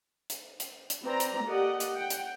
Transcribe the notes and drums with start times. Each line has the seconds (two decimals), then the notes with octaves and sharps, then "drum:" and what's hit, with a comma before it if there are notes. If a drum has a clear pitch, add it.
0.30 drum: hi-hat
0.60 drum: hi-hat
0.90 drum: hi-hat
1.03 C4 B4 D5 A#5
1.20 drum: hi-hat
1.45 A#3 G4 A4 D5 D#5 F#5
1.80 drum: hi-hat
1.95 F#5 G5
2.10 drum: hi-hat